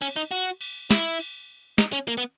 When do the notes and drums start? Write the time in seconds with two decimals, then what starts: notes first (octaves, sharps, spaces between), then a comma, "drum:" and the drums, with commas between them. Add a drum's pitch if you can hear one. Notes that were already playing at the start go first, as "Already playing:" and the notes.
0.02 C#4, drum: cymbal
0.16 D#4
0.31 F#4
0.61 drum: cymbal
0.91 E4, drum: snare
1.20 drum: cymbal
1.78 D#4, drum: snare
1.93 C#4
2.08 A#3
2.18 B3